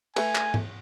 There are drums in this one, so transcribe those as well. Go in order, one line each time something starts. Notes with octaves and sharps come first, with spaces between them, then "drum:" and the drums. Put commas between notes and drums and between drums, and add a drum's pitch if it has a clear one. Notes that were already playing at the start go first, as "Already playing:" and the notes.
A3 B4 G#5, drum: cymbal
drum: clap
drum: tom G#2